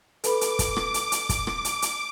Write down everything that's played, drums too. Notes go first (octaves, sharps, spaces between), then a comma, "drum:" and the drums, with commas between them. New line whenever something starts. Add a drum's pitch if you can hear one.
A4 B4 B5 D6, drum: hi-hat
drum: hi-hat
drum: kick, hi-hat
drum: rim click
drum: hi-hat
drum: hi-hat
drum: kick, hi-hat
drum: rim click
drum: hi-hat
drum: hi-hat